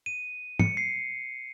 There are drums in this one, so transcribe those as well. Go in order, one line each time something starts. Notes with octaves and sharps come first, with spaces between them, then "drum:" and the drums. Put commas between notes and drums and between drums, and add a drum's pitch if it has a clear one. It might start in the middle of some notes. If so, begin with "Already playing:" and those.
D#7
C#7, drum: tom
C7